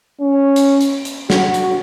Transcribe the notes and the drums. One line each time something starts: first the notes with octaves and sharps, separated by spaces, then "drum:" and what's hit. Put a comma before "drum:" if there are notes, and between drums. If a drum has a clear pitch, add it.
C#4
drum: hi-hat
drum: hi-hat
drum: hi-hat
F#4, drum: snare
drum: hi-hat